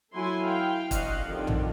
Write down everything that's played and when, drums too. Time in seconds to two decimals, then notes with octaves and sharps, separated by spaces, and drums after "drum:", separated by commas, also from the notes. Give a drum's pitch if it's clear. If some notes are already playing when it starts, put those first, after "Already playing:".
0.12 F#3 E4 A4 G#5 C6
0.46 F5 G5
0.91 D4 F#4 C5 D#5 F5 F#5, drum: kick, hi-hat
1.25 D3 D#3 F3 C4 G4
1.47 drum: tom A#1